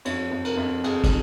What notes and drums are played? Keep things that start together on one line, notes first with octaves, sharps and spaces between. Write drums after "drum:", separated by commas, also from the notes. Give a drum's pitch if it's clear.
F2 C#5, drum: cymbal
F2
A#4, drum: cymbal
F2
F2 G#4, drum: cymbal
drum: kick, cymbal